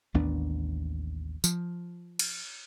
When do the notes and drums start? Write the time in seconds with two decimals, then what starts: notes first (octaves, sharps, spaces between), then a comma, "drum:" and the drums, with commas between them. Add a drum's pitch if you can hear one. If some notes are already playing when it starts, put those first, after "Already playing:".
0.14 A1 D#2 B3 D4
1.44 F3, drum: tambourine
2.19 drum: cymbal